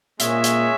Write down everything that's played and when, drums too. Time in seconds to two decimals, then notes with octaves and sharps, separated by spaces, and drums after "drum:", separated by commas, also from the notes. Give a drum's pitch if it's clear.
0.20 A#2 G#3 A#3 C#4 G#4 C#5 E5, drum: hi-hat
0.44 drum: hi-hat